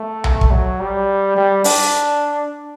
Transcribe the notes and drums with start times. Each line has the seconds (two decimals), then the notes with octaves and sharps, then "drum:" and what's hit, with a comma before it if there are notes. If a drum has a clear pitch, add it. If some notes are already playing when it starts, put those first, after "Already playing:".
Already playing: A3
0.24 drum: tom B1
0.41 drum: kick
0.51 F#3
0.80 G3
1.36 G3
1.64 D4, drum: open hi-hat